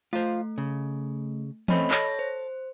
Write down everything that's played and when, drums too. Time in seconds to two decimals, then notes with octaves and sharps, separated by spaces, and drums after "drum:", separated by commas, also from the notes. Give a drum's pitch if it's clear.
0.13 A3 F4 C5
0.58 C#3
1.68 A3 C4 C#4 D#5 B5, drum: tom E3
1.91 A4 C#5 A#6, drum: clap
2.19 C5